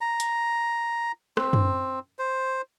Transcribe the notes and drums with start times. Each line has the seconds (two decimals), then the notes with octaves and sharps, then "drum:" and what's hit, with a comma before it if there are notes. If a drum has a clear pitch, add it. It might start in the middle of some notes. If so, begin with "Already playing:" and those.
0.01 A#5
0.20 drum: hi-hat
1.37 C4, drum: rim click
1.53 drum: tom F#2
2.19 C5